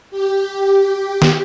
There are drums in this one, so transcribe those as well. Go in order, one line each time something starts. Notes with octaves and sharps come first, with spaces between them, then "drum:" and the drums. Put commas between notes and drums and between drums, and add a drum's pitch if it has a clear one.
G4
drum: snare